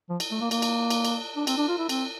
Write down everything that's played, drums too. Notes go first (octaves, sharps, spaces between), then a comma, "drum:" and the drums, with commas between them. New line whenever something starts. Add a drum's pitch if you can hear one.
F3
drum: cymbal
A3
A#3
A#3, drum: cymbal
drum: cymbal
drum: cymbal
drum: cymbal
D4
C4, drum: cymbal
D4
F4
E4
C4, drum: cymbal